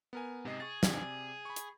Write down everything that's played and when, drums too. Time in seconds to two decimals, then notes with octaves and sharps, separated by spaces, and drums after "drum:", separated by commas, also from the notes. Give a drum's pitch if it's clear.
0.13 B3 A#4 G#5
0.45 G#2 C3 D#5 C7
0.60 G#4 C#6 A6
0.83 C3 D5 G#5, drum: snare
1.45 B5 C#6
1.56 drum: hi-hat